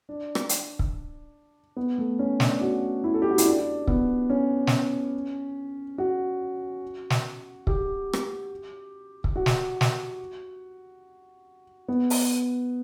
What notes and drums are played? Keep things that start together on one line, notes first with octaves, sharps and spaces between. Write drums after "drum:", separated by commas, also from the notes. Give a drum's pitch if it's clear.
D4
drum: rim click
drum: hi-hat
drum: kick
B3
A3
C#4
D4, drum: snare
F#4
E4
A4
G4
F#4
E4, drum: hi-hat
D4
B3, drum: kick
C#4
drum: snare
F#4
drum: snare
G4, drum: kick
drum: rim click
drum: kick
F#4
drum: snare
drum: snare
B3
drum: open hi-hat